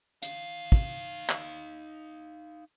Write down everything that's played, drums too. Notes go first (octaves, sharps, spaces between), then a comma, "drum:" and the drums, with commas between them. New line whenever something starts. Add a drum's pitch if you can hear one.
D#4 F5, drum: hi-hat
drum: kick
drum: clap